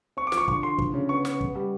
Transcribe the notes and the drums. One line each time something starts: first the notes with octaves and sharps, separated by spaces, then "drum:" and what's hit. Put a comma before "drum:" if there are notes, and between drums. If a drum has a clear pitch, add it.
C4 C#6
D6
F3, drum: snare
C#6
D3 C#6, drum: kick
D3 C6
F3, drum: kick
C#3
B3 C#6
B3, drum: snare
B3, drum: kick
G3